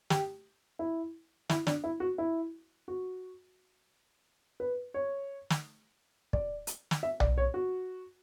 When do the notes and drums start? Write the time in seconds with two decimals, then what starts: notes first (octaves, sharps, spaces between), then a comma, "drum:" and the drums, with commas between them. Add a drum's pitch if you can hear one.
0.10 G4, drum: snare
0.79 E4
1.49 E4, drum: snare
1.67 D4, drum: snare
1.84 E4
2.00 F#4
2.18 E4
2.88 F#4
4.60 B4
4.94 C#5
5.50 drum: snare
6.33 D5, drum: kick
6.67 drum: hi-hat
6.91 drum: snare
7.03 E5
7.20 D5, drum: tom B1
7.38 C#5
7.54 F#4